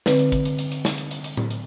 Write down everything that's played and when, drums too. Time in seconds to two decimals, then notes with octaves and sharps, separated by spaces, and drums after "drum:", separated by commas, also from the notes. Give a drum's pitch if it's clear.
0.06 D3 C4 B4, drum: snare
0.19 drum: hi-hat
0.32 drum: kick, hi-hat
0.45 drum: hi-hat
0.59 drum: hi-hat
0.72 drum: hi-hat
0.85 drum: snare
0.98 drum: hi-hat
1.11 drum: hi-hat
1.24 drum: hi-hat
1.37 drum: tom A2
1.51 drum: hi-hat